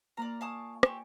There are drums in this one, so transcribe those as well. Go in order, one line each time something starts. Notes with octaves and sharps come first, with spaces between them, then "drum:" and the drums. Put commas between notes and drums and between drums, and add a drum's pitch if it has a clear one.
A#3 F4 D5 F5 A#5
D5 F5 G#5 A5 C#6 D#6
C4 G4 D5 G#5 C#6, drum: rim click